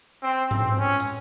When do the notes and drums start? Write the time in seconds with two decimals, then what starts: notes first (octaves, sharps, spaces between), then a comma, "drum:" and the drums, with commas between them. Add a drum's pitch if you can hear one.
0.23 C4
0.51 C4, drum: tom G#2
0.79 C#4
1.00 drum: hi-hat